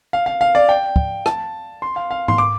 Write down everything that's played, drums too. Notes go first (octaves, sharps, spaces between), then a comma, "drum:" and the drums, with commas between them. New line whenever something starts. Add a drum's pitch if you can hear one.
F5
F5
F5
D5
G5
drum: kick
A5, drum: rim click
C6
F5
F5
C6, drum: tom G#2
D6